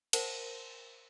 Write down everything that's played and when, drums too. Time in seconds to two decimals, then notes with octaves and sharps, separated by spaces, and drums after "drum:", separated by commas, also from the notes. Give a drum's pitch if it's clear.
0.13 A#4 C5 F#5 A5, drum: cymbal